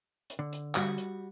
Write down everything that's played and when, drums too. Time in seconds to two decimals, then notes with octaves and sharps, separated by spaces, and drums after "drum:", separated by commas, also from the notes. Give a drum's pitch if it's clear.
0.30 drum: hi-hat
0.39 D3
0.52 drum: hi-hat
0.75 G3 F#4, drum: clap
0.98 drum: hi-hat